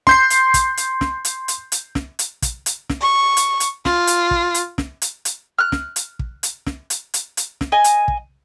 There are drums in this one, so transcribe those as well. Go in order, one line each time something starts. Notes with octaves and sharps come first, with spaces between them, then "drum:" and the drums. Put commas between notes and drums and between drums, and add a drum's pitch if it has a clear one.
C6 G6 C7, drum: snare
drum: hi-hat
drum: kick, hi-hat
drum: hi-hat
drum: snare
drum: hi-hat
drum: hi-hat
drum: hi-hat
drum: snare
drum: hi-hat
drum: kick, hi-hat
drum: hi-hat
drum: snare
C#6
drum: hi-hat
drum: hi-hat
F4, drum: snare
drum: hi-hat
drum: kick
drum: hi-hat
drum: snare
drum: hi-hat
drum: hi-hat
F6 F#6
drum: snare
drum: hi-hat
drum: kick
drum: hi-hat
drum: snare
drum: hi-hat
drum: hi-hat
drum: hi-hat
drum: snare
D#5 G#5
drum: hi-hat
drum: kick